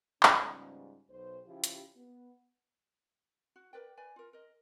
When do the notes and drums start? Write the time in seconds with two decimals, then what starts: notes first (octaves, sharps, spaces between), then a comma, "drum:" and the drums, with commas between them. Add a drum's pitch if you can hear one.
0.23 G#2 C#3 F3 G3 B3 C#4, drum: clap
1.10 B1 C5
1.46 C#3 F3 C#4 E4 F4 G4
1.64 drum: hi-hat
1.97 B3
3.56 F#4
3.73 A#4 B4 D5 G5
3.97 B4 D5 G#5
4.16 F4 A#4
4.33 A#4 D#5